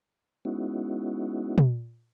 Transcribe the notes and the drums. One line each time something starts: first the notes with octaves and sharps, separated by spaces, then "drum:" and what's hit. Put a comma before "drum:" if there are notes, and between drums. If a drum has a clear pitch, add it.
G#3 B3 C#4 D#4 E4 F#4
drum: tom